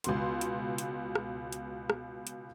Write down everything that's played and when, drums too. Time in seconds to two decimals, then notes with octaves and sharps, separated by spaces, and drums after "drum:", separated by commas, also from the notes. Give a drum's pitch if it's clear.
0.04 C#2 B2 C6, drum: hi-hat
0.41 drum: hi-hat
0.78 drum: hi-hat
1.15 drum: rim click
1.53 drum: hi-hat
1.90 drum: rim click
2.27 drum: hi-hat